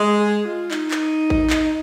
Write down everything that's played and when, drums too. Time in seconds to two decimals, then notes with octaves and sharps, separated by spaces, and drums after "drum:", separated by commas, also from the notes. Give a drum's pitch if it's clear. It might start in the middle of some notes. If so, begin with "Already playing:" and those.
Already playing: G#3
0.19 G#4
0.45 F4
0.71 D#4, drum: clap
0.91 drum: clap
1.30 drum: kick A1
1.50 drum: clap